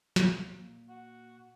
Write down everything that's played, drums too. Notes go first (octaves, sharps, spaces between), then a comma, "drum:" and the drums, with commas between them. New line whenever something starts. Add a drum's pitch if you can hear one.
D#2 C3 E3, drum: snare
A#2
F#4